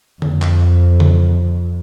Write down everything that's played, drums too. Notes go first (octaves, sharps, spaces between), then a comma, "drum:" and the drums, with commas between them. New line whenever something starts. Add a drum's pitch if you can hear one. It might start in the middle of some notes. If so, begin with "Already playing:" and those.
F2, drum: tom D3
drum: clap
drum: tom C#3